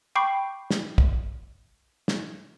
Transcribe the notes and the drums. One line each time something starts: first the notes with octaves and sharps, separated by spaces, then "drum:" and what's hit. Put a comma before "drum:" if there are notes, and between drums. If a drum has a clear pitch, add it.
G5 B5 C#6 D6 G6 C7
drum: snare
drum: kick
drum: snare